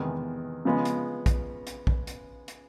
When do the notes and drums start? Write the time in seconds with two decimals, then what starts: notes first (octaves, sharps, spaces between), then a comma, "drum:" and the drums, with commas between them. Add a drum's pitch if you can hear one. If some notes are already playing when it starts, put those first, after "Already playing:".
Already playing: E2 C3 D#3 G#3 B3
0.65 C#3 F3 G#3 B3
0.85 drum: hi-hat
1.26 drum: kick, hi-hat
1.67 drum: hi-hat
1.87 drum: kick
2.07 drum: hi-hat
2.48 drum: hi-hat